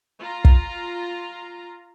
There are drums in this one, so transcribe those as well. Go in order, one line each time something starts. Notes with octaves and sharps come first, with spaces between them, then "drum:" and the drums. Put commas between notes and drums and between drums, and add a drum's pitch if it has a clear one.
F4 A#5
drum: kick